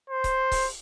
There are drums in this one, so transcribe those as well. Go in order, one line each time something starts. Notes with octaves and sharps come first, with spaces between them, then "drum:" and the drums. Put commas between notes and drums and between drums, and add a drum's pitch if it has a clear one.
C5
drum: kick C#1, hi-hat
drum: kick C#1, open hi-hat